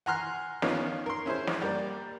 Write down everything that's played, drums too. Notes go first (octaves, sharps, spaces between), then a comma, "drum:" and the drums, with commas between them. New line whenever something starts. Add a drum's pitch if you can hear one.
F#5 G#5 A#5 C6 F6 F#6
D#3 B3 C#4 D#4 F4, drum: snare
A#4 C6
C#4 E4 G#4 C5
drum: snare
G3 A#3 D5